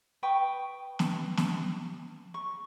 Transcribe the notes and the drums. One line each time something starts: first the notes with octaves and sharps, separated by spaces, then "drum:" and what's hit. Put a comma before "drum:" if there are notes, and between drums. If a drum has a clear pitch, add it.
B4 G5 C#6 D#6
drum: snare
drum: snare
C#6